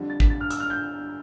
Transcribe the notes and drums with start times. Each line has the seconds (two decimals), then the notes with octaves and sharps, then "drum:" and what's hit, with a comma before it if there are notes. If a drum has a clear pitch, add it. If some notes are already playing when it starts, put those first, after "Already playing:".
Already playing: F2 D3 G3
0.10 A6
0.20 B6, drum: kick G#1
0.30 A6
0.41 F6
0.50 E6, drum: hi-hat
0.60 F6
0.70 G6